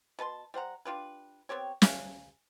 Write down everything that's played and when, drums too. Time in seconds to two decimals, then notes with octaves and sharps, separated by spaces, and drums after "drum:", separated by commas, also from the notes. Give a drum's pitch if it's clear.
0.19 B2 B4 A5 C6
0.54 G3 C5 F#5 A#5
0.85 D4 F4 G4 B4
1.49 B3 C4 G4 C#5
1.82 D5 E5 F5 G#5, drum: snare